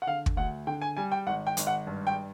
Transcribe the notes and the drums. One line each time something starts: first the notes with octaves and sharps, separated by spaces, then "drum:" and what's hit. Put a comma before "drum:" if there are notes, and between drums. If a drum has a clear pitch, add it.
F#5
D3 F5
drum: kick
D2 F#5
D3 G5
G#5
G3 G#5
G5
G#1 F#5
G5
G#1, drum: hi-hat
F#5
G2
G5